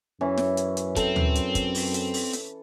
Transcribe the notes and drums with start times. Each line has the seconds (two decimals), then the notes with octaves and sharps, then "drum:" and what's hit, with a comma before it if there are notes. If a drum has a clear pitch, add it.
0.21 F#2 E3 C#4
0.38 drum: snare
0.57 drum: hi-hat
0.77 drum: hi-hat
0.96 C4 A4, drum: kick, hi-hat
1.16 drum: tom D2
1.35 drum: hi-hat
1.55 drum: kick, hi-hat
1.75 drum: open hi-hat
1.94 drum: hi-hat
2.14 drum: open hi-hat
2.33 drum: hi-hat